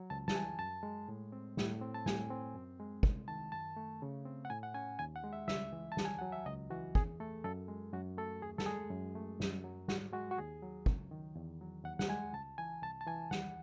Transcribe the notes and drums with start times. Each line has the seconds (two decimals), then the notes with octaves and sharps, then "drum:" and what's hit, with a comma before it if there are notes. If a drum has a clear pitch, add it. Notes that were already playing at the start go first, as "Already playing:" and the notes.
Already playing: F#3
0.10 C#2 A5
0.28 A5, drum: snare G3
0.35 E3 G#5
0.59 F#2 A5
0.83 G#3
1.08 A2
1.32 C4
1.57 A2, drum: snare G3
1.81 C4
1.95 A5
2.06 A2 G#5, drum: snare G3
2.30 C4
2.55 F#2
2.80 G#3
3.03 C2, drum: kick
3.28 D#3 A5
3.52 F#2 A5
3.77 A3
4.02 C#3
4.25 C4
4.45 F#5
4.50 A2 G#5
4.63 F#5
4.74 C#4 G#5
4.99 D#2 G#5
5.16 F#5
5.24 G#3
5.33 E5
5.48 C#2 E5, drum: snare G3
5.73 E3
5.92 A5
5.97 D#2, drum: snare G3
6.05 G#5
6.19 F#3 F#5
6.32 E5
6.46 C#2 D#5
6.70 E3 F#4
6.95 E2 G#4, drum: kick
7.20 A3 A4
7.44 F#2 A4
7.68 G#3
7.93 F#2 F#4
8.17 A3 A4
8.42 D#2 G#4
8.58 A4, drum: snare G3
8.66 G#3 G#4
8.91 F#2
9.15 A3
9.40 F#2, drum: snare G3
9.64 F#3
9.88 G#2 F#4, drum: snare G3
10.13 G#3 F#4
10.31 F#4
10.38 D#2 G#4
10.62 F#3
10.86 C#2, drum: kick
11.11 D#3
11.35 E2
11.61 F#3
11.84 D#2 F#5
11.99 F#5, drum: snare G3
12.08 G#3 G#5
12.33 C#2 A5
12.58 E3 G#5
12.82 C2 A5
13.01 A5
13.06 E3 G#5
13.31 D#2 F#5, drum: snare G3